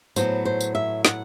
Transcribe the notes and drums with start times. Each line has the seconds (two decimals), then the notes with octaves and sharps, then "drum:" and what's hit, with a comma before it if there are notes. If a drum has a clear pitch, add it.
0.16 A2 F#3 B3 C5, drum: tambourine
0.45 C5
0.61 drum: tambourine
0.75 E5
1.05 F#5, drum: snare